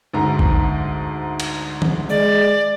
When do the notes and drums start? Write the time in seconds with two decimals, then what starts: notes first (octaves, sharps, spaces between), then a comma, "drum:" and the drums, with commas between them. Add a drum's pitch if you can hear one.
0.14 D2 G#2 A#5
0.39 drum: kick
1.40 drum: cymbal
1.82 drum: tom D#3
2.09 G#3 D5